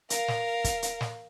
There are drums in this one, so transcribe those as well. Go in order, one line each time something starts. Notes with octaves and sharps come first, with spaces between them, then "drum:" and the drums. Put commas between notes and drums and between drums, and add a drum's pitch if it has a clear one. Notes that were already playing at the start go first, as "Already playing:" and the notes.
A#4 F5, drum: hi-hat
drum: snare
drum: kick, hi-hat
drum: hi-hat
drum: snare